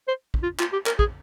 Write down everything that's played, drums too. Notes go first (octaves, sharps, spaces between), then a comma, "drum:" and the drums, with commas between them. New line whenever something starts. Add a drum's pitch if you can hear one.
C5
drum: kick
F4
F4, drum: clap
G4
A#4, drum: clap
G#4, drum: kick